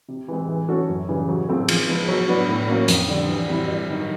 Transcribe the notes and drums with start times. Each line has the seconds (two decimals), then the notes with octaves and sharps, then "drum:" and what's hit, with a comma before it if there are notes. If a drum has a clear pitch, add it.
0.08 C3
0.28 E3 G#3 C4
0.48 E3
0.69 A3 C#4 F#4 A4
0.88 F#2
1.09 C#3 E3 G3
1.29 F#3
1.49 A3 C4 F4 G#4
1.68 F3, drum: cymbal
1.89 G#3 B3
2.08 F#3
2.28 B3 D4 F#4
2.49 A2
2.68 F#3 A#3 C#4
2.88 F2, drum: hi-hat
3.08 D3 G3
3.28 E3
3.48 G3 C4 E4
3.68 G2
3.88 D#3 F#3